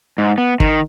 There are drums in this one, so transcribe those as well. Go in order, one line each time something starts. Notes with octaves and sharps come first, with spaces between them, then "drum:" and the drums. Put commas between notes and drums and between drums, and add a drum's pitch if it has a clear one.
G#2
B3
D#3, drum: kick